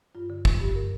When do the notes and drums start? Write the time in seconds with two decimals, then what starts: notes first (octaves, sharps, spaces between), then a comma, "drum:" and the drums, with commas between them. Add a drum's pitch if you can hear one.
0.15 G2 F4
0.30 D3
0.45 F3, drum: kick
0.60 G2 G4
0.75 A#4